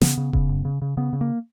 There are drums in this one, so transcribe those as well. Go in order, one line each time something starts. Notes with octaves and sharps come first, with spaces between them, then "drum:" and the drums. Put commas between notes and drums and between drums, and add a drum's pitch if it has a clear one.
C#3 B3, drum: snare
C#3
C#3, drum: kick E1
F#2
C#3
C#3
C#3 B3
C#3
A#3